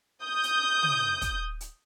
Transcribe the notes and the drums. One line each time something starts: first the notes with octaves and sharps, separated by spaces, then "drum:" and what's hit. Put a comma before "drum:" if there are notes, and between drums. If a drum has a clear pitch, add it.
D#6 G6
drum: hi-hat
drum: tom
drum: kick, hi-hat
drum: hi-hat